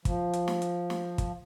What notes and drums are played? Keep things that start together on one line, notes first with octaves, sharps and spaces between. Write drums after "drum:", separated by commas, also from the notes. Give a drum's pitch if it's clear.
F3, drum: kick, hi-hat
drum: hi-hat
drum: snare
drum: hi-hat
drum: snare
drum: kick, hi-hat